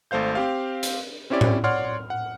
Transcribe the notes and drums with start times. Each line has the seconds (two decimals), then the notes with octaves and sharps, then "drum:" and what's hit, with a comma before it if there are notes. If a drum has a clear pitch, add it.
0.11 G#1 A3 C5 F5 G6
0.35 C4 G4 F5
0.83 drum: hi-hat
1.30 C4 C#4 E4 G4 D5
1.41 drum: tom A2
1.64 C#5 D5 F#5 C6 F6
2.10 F#5